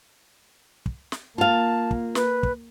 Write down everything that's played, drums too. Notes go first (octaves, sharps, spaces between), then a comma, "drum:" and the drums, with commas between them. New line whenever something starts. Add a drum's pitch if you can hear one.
drum: kick
drum: snare
A#3 F4 F5 A5
drum: kick
B4, drum: snare
drum: kick